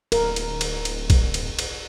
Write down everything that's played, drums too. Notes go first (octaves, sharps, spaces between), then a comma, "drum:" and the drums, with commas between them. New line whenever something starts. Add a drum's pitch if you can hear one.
D1 A#4, drum: cymbal
drum: cymbal
drum: cymbal
drum: cymbal
drum: kick, cymbal
drum: cymbal
drum: cymbal